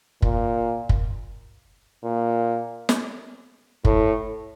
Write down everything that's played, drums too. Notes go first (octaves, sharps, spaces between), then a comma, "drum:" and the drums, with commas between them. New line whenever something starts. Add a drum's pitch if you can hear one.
A#2, drum: kick F#1
drum: kick F#1
A#2
drum: snare
A2, drum: kick F#1